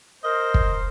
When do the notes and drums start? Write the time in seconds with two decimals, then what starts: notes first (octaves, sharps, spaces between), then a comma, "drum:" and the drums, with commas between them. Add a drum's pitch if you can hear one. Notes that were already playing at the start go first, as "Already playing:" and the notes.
0.24 A#4 C5 D#5
0.54 drum: kick